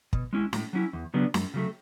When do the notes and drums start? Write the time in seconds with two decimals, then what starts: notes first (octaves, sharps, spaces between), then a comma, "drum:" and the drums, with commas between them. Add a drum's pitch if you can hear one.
0.13 B2, drum: kick
0.33 G#3 C#4 E4
0.53 A2, drum: snare
0.73 F#3 C#4 E4
0.93 E2
1.14 C#3 F#3 B3 D4
1.34 F#2, drum: snare
1.54 C#3 F#3 A3